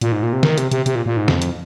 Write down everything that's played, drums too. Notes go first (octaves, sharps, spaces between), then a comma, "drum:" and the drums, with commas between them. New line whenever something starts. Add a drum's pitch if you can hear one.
A#2, drum: hi-hat
G#2
A#2
C3
D#3, drum: snare
C3, drum: hi-hat
C3, drum: hi-hat
C3, drum: hi-hat
A#2
A#2
G#2
F2, drum: snare
drum: hi-hat